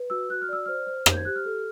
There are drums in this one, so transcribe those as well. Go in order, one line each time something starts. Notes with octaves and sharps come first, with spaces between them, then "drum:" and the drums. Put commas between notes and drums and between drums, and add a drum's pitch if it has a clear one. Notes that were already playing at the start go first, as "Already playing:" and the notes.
Already playing: B4
F#4 E6
F#4 F#6
F6
D5 E6
C5 F6
C5
C5, drum: rim click
G6
G#6
G4 F#6
F6
A4